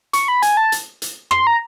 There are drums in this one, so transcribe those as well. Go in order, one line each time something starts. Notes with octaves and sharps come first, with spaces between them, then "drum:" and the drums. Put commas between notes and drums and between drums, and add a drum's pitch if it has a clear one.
C#6, drum: hi-hat
B5
G#5, drum: hi-hat
A5
drum: hi-hat
drum: hi-hat
C6, drum: rim click
A#5